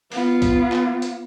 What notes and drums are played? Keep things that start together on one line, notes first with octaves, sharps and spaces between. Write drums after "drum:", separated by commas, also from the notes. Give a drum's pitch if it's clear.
B3 F4, drum: open hi-hat
drum: kick, hi-hat
drum: clap
drum: hi-hat